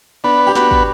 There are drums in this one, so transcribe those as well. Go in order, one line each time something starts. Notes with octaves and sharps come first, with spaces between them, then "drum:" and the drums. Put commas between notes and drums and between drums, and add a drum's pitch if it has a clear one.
B3 D4
G4
B3 D4 F#4, drum: snare
drum: kick